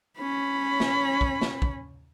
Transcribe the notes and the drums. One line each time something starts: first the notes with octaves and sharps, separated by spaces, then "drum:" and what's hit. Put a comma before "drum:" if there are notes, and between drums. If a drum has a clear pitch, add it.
C#4 B5
drum: snare
drum: kick
drum: snare
drum: kick